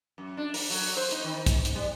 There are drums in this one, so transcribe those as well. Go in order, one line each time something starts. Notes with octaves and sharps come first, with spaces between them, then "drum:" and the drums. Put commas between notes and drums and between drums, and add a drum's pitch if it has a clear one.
F#2
D4
A#4, drum: open hi-hat
F#3, drum: open hi-hat
C5
D#4, drum: hi-hat
D#3
drum: kick, hi-hat
drum: hi-hat
G3